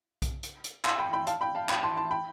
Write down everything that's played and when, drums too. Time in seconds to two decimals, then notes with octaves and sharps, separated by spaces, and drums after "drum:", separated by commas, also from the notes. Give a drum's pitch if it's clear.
0.22 drum: kick B1, hi-hat
0.43 drum: hi-hat
0.64 drum: hi-hat
0.84 C6 E6, drum: clap
0.98 G5 B5
1.13 G5 B5
1.27 F5 A5, drum: hi-hat
1.41 G5 B5
1.55 F5 A5
1.69 G5 B5, drum: clap
1.83 A5 C6
1.97 A5 C6
2.11 G5 B5